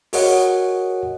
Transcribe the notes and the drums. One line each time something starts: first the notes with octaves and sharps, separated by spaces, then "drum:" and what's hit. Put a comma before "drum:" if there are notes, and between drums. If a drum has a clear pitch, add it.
F#4 G#4 A#4 C#5 D#5 F#5, drum: open hi-hat